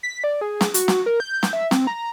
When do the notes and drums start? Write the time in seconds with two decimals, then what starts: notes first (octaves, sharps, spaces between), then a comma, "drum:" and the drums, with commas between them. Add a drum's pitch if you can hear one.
0.03 B6
0.24 D5
0.41 G#4
0.61 drum: snare
0.74 F#4, drum: hi-hat
0.88 drum: snare
1.06 A#4
1.20 G6
1.43 drum: snare
1.53 E5
1.71 C4, drum: snare
1.87 A#5